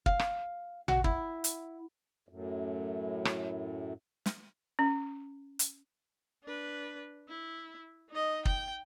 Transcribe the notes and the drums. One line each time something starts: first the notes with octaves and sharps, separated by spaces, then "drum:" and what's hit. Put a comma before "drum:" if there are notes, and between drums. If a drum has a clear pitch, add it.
F5, drum: kick
drum: rim click
F#4, drum: tom A1
E4, drum: kick
drum: hi-hat
F#2 A2
drum: rim click
drum: snare
C#4
drum: hi-hat
D4 B4
E4
D#4 D#5
G5, drum: kick